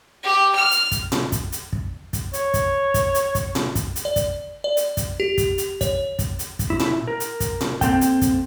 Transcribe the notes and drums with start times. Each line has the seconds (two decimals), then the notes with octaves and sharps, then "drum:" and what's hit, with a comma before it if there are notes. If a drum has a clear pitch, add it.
0.23 G4
0.55 F6
0.71 drum: hi-hat
0.91 drum: kick, hi-hat
1.12 drum: tom A#2
1.32 drum: kick, hi-hat
1.52 drum: hi-hat
1.73 drum: kick
2.13 drum: kick, hi-hat
2.33 C#5, drum: hi-hat
2.54 drum: kick, hi-hat
2.94 drum: kick, hi-hat
3.15 drum: hi-hat
3.35 drum: kick, hi-hat
3.55 drum: tom A#2
3.75 drum: kick, hi-hat
3.96 drum: hi-hat
4.05 D5
4.16 drum: kick, hi-hat
4.64 D5
4.77 drum: hi-hat
4.97 drum: kick, hi-hat
5.20 G4
5.38 drum: kick, hi-hat
5.58 drum: hi-hat
5.81 C#5, drum: kick, hi-hat
6.19 drum: kick, hi-hat
6.39 drum: hi-hat
6.59 drum: kick, hi-hat
6.70 E4
6.80 drum: tom A#2
7.08 A#4
7.20 drum: hi-hat
7.40 drum: kick, hi-hat
7.61 drum: tom A#2
7.81 A#3 C4 A4 G5, drum: kick, hi-hat
8.01 drum: hi-hat
8.21 drum: kick, hi-hat